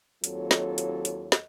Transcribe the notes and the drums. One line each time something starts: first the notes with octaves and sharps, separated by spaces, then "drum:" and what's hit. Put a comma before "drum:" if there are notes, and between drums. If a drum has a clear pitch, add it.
D#2 F#3 C4 F4 A4 C#5, drum: hi-hat
drum: snare
drum: hi-hat
drum: hi-hat
drum: snare